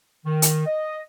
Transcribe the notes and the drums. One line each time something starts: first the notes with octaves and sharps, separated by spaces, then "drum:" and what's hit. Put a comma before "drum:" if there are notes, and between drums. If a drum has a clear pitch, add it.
D#3
drum: hi-hat
D#5